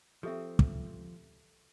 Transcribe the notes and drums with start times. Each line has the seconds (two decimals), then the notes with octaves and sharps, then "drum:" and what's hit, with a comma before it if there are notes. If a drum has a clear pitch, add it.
0.23 F3 C4 G4 A4 E5
0.59 drum: kick